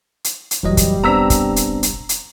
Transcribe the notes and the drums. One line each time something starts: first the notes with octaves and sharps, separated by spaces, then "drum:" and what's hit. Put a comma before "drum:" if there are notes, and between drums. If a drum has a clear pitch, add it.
drum: hi-hat
drum: hi-hat
F1 A#1 E3 F#3 G3 D#5
drum: kick, hi-hat
B3 C4 D4 A#5 E6 B6
drum: kick, hi-hat
drum: hi-hat
drum: hi-hat
drum: hi-hat